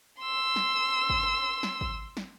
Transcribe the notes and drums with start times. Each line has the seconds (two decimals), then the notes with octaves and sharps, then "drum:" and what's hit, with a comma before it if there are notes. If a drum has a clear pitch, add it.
0.20 C6 E6
0.56 drum: snare
1.10 drum: kick
1.63 drum: snare
1.81 drum: kick
2.17 drum: snare